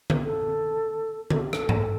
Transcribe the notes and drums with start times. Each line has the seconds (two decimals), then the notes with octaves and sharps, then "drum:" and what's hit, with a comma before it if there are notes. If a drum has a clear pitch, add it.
0.10 drum: tom D3
0.24 A4
1.30 A4, drum: tom D3
1.41 G4
1.53 A4, drum: rim click
1.69 drum: tom G#2